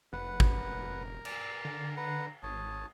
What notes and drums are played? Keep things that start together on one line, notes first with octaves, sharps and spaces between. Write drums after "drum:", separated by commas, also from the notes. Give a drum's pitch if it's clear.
F1 B4 F#5
drum: kick G#1
A#4
D5, drum: cymbal
D3
B4 F#5 A#5
G#1 C#5 A5 D#6